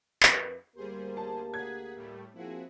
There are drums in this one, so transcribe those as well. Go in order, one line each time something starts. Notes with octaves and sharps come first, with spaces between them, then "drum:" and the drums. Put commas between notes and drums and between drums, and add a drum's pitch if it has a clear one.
F2 A#4 B4, drum: clap
D2 G3 A#3 G4 G#4 A#4 C5
A5
G#4 F#5 G#6 B6
A2 G3 A3
F3 A#3 C4 E4 F#4 G#4